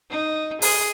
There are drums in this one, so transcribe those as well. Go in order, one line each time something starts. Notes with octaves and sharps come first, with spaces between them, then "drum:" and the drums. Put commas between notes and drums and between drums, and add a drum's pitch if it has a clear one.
D#4
G#4, drum: open hi-hat